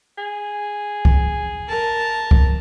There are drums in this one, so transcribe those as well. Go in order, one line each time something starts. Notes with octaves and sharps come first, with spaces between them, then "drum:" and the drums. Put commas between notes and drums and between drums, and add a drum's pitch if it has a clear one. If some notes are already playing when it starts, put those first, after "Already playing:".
G#4
drum: kick C2
A#4 A5
drum: kick C2